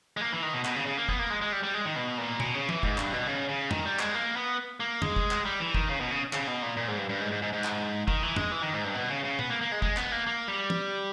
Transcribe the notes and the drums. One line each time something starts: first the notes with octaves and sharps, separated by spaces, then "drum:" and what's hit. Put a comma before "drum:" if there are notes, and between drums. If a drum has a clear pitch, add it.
G#3
A#3
E3
D#3
B2
B2, drum: clap
C#3
C#3
A#3
B3, drum: kick
A#3
G#3
G#3
G3
G3
G#3
D#3
B2
A#2
B2, drum: tom
C#3
E3, drum: tom
G#2, drum: kick
G2, drum: clap
B2
C#3
C#3
D#3, drum: tom
G3
G#3, drum: clap
A#3
B3
A#3
G#3, drum: tom
drum: kick
drum: clap
G3
E3
D#3, drum: kick
C#3
B2
C#3
C#3, drum: clap
B2
A#2
A#2
G#2
G2
G2
G#2
G#2
G#2
G#2
drum: clap
D#3, drum: kick
E3
G#3, drum: tom
E3
D#3
G#2
G2
B2
C#3
C#3
B3, drum: tom
A#3
A#3
G#3
G#3, drum: kick
B3, drum: clap
A#3
A#3
G3
drum: tom